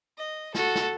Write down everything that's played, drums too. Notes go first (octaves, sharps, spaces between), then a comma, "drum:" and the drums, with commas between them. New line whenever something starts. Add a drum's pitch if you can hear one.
D#5
F#4 A4, drum: snare
drum: snare